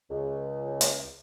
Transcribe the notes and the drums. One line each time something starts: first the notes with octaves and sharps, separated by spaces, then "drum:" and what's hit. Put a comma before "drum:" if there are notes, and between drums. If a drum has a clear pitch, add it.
C#2
drum: hi-hat